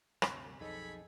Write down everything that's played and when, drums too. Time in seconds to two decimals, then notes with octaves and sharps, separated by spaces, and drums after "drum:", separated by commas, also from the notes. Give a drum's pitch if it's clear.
0.22 D2 G2 C3, drum: rim click
0.60 B1 F2 D#4 G#4 A4 C#5 D#5 B5